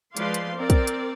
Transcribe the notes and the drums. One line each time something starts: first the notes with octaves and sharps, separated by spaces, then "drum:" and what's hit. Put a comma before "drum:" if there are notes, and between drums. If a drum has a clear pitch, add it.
F3 G#3 B4 D5 F5 C6, drum: hi-hat
drum: hi-hat
C4 A#4 D5
drum: kick, hi-hat
drum: hi-hat